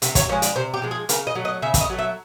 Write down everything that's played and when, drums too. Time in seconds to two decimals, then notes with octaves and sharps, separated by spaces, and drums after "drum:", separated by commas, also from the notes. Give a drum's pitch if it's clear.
0.02 C3, drum: hi-hat
0.15 C#5, drum: kick, hi-hat
0.29 F3 G#3 C#5
0.42 D5, drum: hi-hat
0.56 C3 C5
0.74 G4
0.82 F3 G#3
0.91 G#4
1.09 C#3 A#4, drum: hi-hat
1.27 D#5
1.35 F#3 A3
1.45 D#5
1.62 C#3 E5
1.74 E5, drum: kick, hi-hat
1.81 D#5
1.90 F#3 A3
1.99 E5